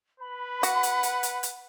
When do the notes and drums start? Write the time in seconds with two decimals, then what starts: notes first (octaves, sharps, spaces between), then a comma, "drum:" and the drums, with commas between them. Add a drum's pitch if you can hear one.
0.20 B4 B5
0.63 F#4 F#5, drum: hi-hat
0.83 drum: hi-hat
1.03 drum: hi-hat
1.23 drum: hi-hat
1.43 drum: hi-hat